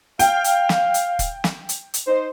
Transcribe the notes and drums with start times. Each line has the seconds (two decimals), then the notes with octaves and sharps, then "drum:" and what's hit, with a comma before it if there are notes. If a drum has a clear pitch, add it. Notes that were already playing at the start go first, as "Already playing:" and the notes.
0.19 F5 G5, drum: hi-hat
0.44 drum: hi-hat
0.69 drum: snare
0.94 drum: hi-hat
1.19 drum: kick, hi-hat
1.44 drum: snare
1.69 drum: hi-hat
1.94 drum: hi-hat
2.07 D#4 C5